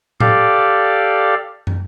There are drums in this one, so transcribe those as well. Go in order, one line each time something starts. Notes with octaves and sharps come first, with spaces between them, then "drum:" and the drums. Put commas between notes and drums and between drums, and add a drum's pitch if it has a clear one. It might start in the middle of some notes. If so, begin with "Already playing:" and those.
G4 A4 D5 F5, drum: tom A2
drum: tom